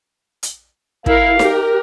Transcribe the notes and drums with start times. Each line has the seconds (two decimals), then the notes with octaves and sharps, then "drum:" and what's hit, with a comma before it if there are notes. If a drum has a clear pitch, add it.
0.43 drum: hi-hat
1.06 E4 A#4 F5, drum: kick
1.39 G4 A#4, drum: snare D#4